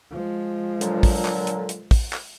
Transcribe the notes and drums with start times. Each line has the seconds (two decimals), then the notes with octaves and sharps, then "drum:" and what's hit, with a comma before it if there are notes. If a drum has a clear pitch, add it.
0.11 F3 G#3
0.81 A#2 D3 F#3, drum: hi-hat
1.03 drum: kick, open hi-hat
1.25 drum: clap
1.47 drum: hi-hat
1.69 drum: hi-hat
1.91 drum: kick, open hi-hat
2.13 drum: clap